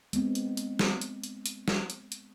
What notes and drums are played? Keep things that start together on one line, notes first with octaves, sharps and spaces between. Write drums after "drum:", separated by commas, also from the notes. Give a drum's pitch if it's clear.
G#3 B3 C4, drum: hi-hat
drum: hi-hat
drum: hi-hat
drum: snare
drum: hi-hat
drum: hi-hat
drum: hi-hat
drum: snare
drum: hi-hat
drum: hi-hat